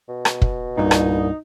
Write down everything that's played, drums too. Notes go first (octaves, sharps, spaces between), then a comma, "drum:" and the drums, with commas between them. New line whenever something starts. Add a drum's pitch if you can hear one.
B2
drum: rim click
drum: kick
C2 G2 A#2 D#4
drum: rim click